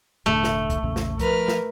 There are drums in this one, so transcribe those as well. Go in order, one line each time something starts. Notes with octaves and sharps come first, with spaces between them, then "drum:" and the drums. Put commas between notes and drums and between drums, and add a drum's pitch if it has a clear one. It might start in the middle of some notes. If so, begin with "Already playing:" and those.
E1 A2 D3 A3
drum: snare
drum: kick C2, hi-hat
A#1 E2 C#3
drum: snare
F3 A#4 B4 F6, drum: kick C2, hi-hat
drum: snare